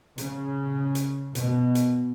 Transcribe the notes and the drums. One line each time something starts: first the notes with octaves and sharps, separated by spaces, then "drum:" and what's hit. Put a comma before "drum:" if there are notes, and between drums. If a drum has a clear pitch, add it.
C#3, drum: hi-hat
drum: hi-hat
B2, drum: hi-hat
drum: hi-hat